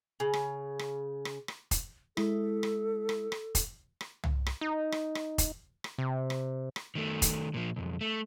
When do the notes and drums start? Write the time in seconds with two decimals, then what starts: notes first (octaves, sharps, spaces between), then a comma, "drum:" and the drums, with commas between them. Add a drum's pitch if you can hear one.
0.20 C#3
0.33 drum: rim click
0.79 drum: rim click
1.25 drum: rim click
1.48 drum: rim click
1.71 drum: kick F1, hi-hat
2.17 G#3 E4 A4, drum: rim click
2.63 drum: rim click
3.09 drum: rim click
3.32 drum: rim click
3.55 drum: kick F1, hi-hat
4.01 drum: rim click
4.24 drum: tom C2
4.46 drum: rim click
4.61 D#4
4.92 drum: rim click
5.15 drum: rim click
5.38 drum: kick F1, hi-hat
5.84 drum: rim click
5.98 C3
6.30 drum: rim click
6.76 drum: rim click
6.95 D#3 A3
7.22 drum: kick F1, hi-hat
7.54 A#2 F3
7.76 B1 F2
8.01 A3